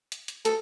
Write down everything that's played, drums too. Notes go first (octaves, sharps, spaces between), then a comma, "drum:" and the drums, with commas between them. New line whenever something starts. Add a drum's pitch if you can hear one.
drum: hi-hat
drum: hi-hat
A4, drum: hi-hat